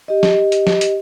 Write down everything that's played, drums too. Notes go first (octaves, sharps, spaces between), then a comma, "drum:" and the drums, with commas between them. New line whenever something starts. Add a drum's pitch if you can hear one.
G4 D#5
drum: snare
drum: hi-hat
drum: snare
drum: hi-hat